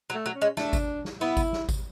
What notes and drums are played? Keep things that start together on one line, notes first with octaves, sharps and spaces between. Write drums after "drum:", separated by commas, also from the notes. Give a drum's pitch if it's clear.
F#3
A3
F#3
C#4
G#3
A3 D4, drum: snare
drum: kick G#1, tambourine
drum: snare
B3 E4
drum: kick G#1, tambourine
drum: snare
drum: kick G#1, tambourine